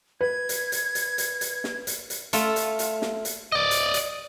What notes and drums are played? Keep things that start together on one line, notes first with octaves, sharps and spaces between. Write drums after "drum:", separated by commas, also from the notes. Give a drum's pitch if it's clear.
B4 G#6
drum: hi-hat
drum: hi-hat
drum: hi-hat
drum: hi-hat
drum: hi-hat
drum: snare
drum: hi-hat
drum: hi-hat
A3 F4, drum: hi-hat
drum: hi-hat
drum: hi-hat
drum: snare
drum: hi-hat
D5 D#5
drum: hi-hat
drum: hi-hat